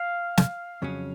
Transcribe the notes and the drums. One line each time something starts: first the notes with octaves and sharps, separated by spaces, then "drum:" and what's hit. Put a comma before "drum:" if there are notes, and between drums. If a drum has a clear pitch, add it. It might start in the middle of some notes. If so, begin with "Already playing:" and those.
Already playing: F5
drum: snare
F2 C#3 F#3 C#4